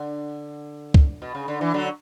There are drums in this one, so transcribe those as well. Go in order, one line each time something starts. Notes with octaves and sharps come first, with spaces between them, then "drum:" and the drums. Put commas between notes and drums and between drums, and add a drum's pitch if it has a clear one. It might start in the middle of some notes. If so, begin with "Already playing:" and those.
Already playing: D3
drum: kick C#2
B2
C#3
D3
E3
D3 F#3